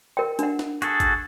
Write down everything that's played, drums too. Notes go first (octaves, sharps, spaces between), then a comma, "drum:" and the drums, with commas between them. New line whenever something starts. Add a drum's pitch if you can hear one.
A#4 G5
D4 F#5, drum: hi-hat
drum: snare
F#4 G#4 A4, drum: hi-hat
drum: kick G#1, hi-hat